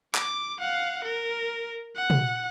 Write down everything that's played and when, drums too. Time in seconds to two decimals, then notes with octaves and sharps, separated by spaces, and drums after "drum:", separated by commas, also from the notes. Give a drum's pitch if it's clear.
0.15 D6, drum: clap
0.60 F5 F#5
1.05 A#4
1.96 F#5
2.10 drum: tom